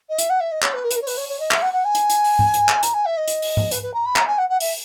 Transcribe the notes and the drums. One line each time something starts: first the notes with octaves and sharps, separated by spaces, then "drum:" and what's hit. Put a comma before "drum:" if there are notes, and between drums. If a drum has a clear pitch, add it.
D#5
E5, drum: hi-hat
F#5
E5
D#5
C#5, drum: clap
B4
A#4
B4, drum: hi-hat
A#4
C#5
B4, drum: open hi-hat
C#5
C#5
D#5
E5, drum: clap
F#5
F#5
G#5
drum: hi-hat
drum: hi-hat
drum: open hi-hat
drum: tom G#2
drum: hi-hat
drum: clap
A#5, drum: hi-hat
G#5
E5
D#5
drum: hi-hat
drum: open hi-hat
drum: tom G#2
B4, drum: hi-hat
B4
A#5
B5
A#5, drum: clap
G#5
F#5
F#5
E5, drum: open hi-hat